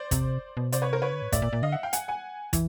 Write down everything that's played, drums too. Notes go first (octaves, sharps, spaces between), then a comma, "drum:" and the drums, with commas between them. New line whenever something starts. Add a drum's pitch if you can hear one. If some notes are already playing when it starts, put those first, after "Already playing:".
Already playing: C5 D5
C3, drum: kick, hi-hat
B2
C3 C5 D5, drum: hi-hat
B4 C#5
A#4 C5
C#3 B4 C#5
D3
A2
A2 D5 E5, drum: kick, hi-hat
A#2
A#2
D3 D#5 F5
E5 F#5
F5 G5
F#5 G#5, drum: hi-hat
F#5 G#5
E3, drum: kick, hi-hat